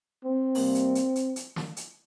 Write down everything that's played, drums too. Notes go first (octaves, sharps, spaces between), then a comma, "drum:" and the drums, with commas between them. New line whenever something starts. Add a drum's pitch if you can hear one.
C4
C3 G3 A#3, drum: open hi-hat
drum: hi-hat
drum: hi-hat
drum: hi-hat
drum: hi-hat
drum: snare
drum: hi-hat